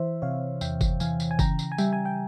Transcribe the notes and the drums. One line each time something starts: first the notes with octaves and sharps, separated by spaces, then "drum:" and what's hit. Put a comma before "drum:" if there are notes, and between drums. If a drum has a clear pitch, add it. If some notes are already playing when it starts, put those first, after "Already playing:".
Already playing: E3 C5 E5
C3 C#5 F5
E2 E5 G5, drum: tambourine
drum: kick F#1, tambourine
E3 F5 G#5, drum: tambourine
drum: tambourine
G#5
C#3 G5 A#5, drum: kick F#1, tambourine
drum: tambourine
G#5
G3 E5 G5, drum: tambourine
G#5
G5